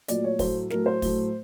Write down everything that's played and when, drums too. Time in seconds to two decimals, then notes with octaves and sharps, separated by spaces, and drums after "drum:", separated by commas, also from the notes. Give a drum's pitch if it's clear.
0.08 A#2 F#3 A3 D5, drum: hi-hat
0.24 C#5
0.39 A2 F#3 A3 C5, drum: kick, open hi-hat
0.70 A2 F#3 A3 A#4, drum: snare
0.86 C5
1.02 A2 F#3 A3, drum: kick, open hi-hat